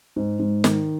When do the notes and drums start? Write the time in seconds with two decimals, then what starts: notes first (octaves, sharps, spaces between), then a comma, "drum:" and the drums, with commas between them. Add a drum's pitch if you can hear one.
0.16 G#2
0.39 G#2
0.64 D#3, drum: snare